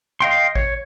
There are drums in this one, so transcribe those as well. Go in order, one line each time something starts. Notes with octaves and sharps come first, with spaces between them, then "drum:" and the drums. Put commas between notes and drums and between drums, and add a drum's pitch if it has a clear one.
D#5 F5 G5 C6
C#5, drum: kick A1